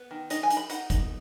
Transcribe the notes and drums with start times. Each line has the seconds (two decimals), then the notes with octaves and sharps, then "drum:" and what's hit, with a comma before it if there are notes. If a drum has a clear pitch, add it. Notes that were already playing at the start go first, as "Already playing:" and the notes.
Already playing: B3
0.11 D#3
0.30 D#4 D#5, drum: hi-hat
0.43 G#5
0.50 D#4, drum: hi-hat
0.57 B5
0.70 D#4 F#5, drum: hi-hat
0.90 D#4, drum: kick F#1, hi-hat